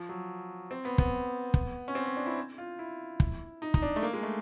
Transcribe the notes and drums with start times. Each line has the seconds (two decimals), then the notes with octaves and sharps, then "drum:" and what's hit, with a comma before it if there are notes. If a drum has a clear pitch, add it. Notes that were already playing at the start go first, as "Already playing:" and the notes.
Already playing: F3
0.09 F#3
0.71 C4
0.85 B3
0.98 B3, drum: kick
1.54 drum: kick
1.88 C#4
1.95 C4
2.05 C#4
2.16 D4
2.26 E4
2.58 F4
2.79 E4
3.20 drum: kick
3.62 D#4
3.74 D#4, drum: kick
3.82 D4
3.96 A3
4.03 A#3
4.13 G#3
4.23 A3